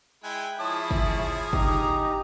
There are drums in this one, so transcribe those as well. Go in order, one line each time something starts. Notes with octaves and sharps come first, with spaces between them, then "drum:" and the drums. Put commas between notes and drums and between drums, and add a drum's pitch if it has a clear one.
G#3 E4 G5 G#5 F#6
F3 E4 G#4 C#5 A5 D#6
drum: kick
D#4 G4 A#5, drum: kick